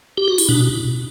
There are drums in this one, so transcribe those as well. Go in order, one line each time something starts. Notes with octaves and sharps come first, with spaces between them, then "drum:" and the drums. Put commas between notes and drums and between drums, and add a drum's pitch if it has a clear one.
G4
F#4
E4, drum: open hi-hat
B2 D4